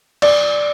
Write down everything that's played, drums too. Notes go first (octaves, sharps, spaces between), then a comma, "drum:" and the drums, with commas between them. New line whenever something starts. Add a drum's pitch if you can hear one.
D5, drum: cymbal